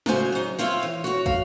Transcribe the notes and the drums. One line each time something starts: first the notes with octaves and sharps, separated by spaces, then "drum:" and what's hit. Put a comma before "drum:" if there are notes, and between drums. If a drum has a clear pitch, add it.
D2 A2 C#3 F#4 C5 G#5, drum: snare
F#3 D#4
C4 F4 C#5 E5 F5
E3
F#4 C#5
F5, drum: kick